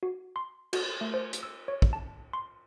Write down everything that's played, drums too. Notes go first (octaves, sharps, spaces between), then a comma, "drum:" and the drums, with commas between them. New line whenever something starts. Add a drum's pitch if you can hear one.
F#4
C6
F#4, drum: cymbal
A3
C5
drum: hi-hat
E6
C#5
drum: kick
A5
C6